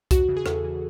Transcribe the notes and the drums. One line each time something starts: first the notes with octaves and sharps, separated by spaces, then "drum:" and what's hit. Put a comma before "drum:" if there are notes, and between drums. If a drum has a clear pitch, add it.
E2 F#4, drum: kick C2, hi-hat
C#3 E3
G#4
E2 A4, drum: rim click
C#3 E3